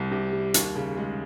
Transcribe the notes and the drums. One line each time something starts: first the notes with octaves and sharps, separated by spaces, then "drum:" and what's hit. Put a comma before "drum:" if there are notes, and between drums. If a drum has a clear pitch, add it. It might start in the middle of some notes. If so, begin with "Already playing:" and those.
Already playing: C2 C3
C3
G3
D#2, drum: hi-hat
C#3
G#3